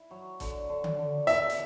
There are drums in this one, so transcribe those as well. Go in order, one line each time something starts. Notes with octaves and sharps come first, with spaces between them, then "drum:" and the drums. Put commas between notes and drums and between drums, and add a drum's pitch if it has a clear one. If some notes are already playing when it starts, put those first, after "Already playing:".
Already playing: E4
F#3
D3, drum: kick, hi-hat
D3
drum: tom D3
D3
B2 E5, drum: hi-hat
drum: hi-hat